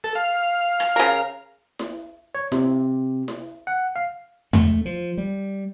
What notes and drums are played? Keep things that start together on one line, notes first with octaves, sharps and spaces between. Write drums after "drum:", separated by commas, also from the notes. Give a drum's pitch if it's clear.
A4
F5
drum: rim click
C#3 A#4
drum: snare E4
C#5
C3, drum: snare E4
drum: snare E4
F#5
F5
A3, drum: tom E2
F3
G3